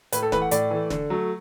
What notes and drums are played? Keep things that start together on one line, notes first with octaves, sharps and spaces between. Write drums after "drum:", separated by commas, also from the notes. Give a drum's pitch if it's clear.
A2 B4, drum: hi-hat
A4
E3 A3 B4, drum: snare
F#5
A2 D5, drum: hi-hat
E3 A3
D3, drum: snare
F#3 A3